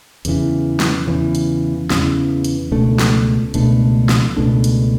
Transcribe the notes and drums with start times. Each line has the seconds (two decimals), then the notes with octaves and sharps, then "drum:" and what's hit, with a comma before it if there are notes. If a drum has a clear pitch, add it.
0.25 E2 C#3 E3, drum: hi-hat
0.80 drum: snare
1.07 E2 C#3 E3
1.35 drum: hi-hat
1.90 E2 C#3 E3, drum: snare
2.44 drum: hi-hat
2.72 C#2 B2 A3 D4
2.99 drum: snare
3.54 C#2 B2 A3 D4, drum: hi-hat
4.09 drum: snare
4.37 C#2 B2 A3 D4
4.64 drum: hi-hat